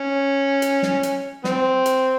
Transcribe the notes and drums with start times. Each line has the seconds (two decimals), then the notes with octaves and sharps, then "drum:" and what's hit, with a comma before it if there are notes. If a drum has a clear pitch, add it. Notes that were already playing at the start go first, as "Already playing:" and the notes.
Already playing: C#4
0.62 drum: hi-hat
0.83 drum: snare
1.03 drum: hi-hat
1.44 C4, drum: snare
1.86 drum: hi-hat